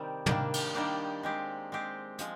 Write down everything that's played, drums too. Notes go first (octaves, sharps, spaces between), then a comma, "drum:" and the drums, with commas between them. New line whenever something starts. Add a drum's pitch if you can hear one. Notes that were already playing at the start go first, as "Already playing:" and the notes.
Already playing: C3 D#3 G3
D#3 G3 A#3 D4, drum: tom
drum: cymbal
D#3 G3 A#3 D4
G#3 C4 G4
G#3 C4 G4
F3 G#3, drum: hi-hat